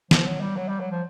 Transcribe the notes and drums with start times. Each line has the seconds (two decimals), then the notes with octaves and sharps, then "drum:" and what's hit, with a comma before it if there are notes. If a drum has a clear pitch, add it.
0.11 F3, drum: snare
0.26 F#3
0.41 G3
0.57 F#3
0.68 G3
0.80 F#3
0.91 F3